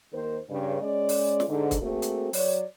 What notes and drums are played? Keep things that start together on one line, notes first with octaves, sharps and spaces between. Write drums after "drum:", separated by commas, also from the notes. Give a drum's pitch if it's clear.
D#2 D#3 A#3 A#4 C5
G2 C#3
G#3 C#4 D5
drum: open hi-hat
drum: snare
G#2 D3
drum: kick, hi-hat
A3 A#3 C4 F#4 G#4 A4
drum: hi-hat
F#3 C#5 D5, drum: open hi-hat